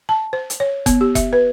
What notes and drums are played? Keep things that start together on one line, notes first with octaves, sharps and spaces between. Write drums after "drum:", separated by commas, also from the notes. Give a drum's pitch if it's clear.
A5
C5
drum: hi-hat
C#5
B3, drum: kick F1, hi-hat
G4
E5, drum: kick F1, hi-hat
B4